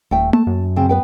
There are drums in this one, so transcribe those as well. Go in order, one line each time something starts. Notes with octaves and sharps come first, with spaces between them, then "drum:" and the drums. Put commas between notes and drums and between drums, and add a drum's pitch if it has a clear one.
D#1 A3 G5
A3 A5, drum: tom A#3
F#2
C#3 C4
B3 B4 G5